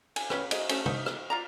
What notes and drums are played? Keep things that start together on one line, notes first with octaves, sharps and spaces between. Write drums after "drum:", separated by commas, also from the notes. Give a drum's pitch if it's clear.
G#5, drum: cymbal
C#4 G4 B4, drum: rim click
G#3 D#5, drum: cymbal
A3 C#4, drum: cymbal
D#4 E5, drum: tom
drum: rim click
F4 D5 A#5